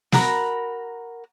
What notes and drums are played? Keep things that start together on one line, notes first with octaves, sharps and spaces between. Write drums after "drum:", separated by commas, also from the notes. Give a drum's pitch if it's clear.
F#4 A#4 A#5 B5, drum: snare